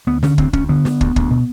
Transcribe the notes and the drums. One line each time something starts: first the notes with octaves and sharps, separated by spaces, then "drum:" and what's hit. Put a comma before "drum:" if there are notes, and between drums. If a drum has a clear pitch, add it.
D2 B3
D3 C#4, drum: snare
D2 C4, drum: kick
D2 C#4, drum: kick
D3 B3
D3, drum: snare
D2, drum: kick
D2, drum: kick
B2